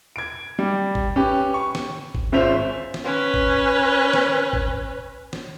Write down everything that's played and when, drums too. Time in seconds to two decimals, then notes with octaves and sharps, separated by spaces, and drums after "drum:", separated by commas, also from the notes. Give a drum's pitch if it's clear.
0.16 G#6 D7
0.59 G3
0.95 drum: kick
1.16 C#4 G4 B4
1.54 C#6
1.75 drum: snare
2.15 drum: kick
2.32 G#1 C#4 F4 C5 E5 F7
2.94 drum: snare
3.05 C#4 B4
3.34 drum: kick
4.13 drum: snare
4.53 drum: kick
5.33 drum: snare